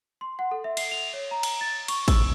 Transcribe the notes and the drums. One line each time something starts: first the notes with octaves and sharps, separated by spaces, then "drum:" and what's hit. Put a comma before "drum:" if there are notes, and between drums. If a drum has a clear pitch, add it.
C6
F#5
A4
E5
C7, drum: cymbal
F7
C#5
A#5
drum: cymbal
A6
C#6, drum: cymbal
E6, drum: kick, cymbal